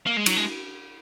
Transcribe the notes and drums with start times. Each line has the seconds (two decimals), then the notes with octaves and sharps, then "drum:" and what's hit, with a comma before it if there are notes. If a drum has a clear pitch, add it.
0.06 A#3
0.17 G#3
0.26 F#3, drum: cymbal
0.36 G#3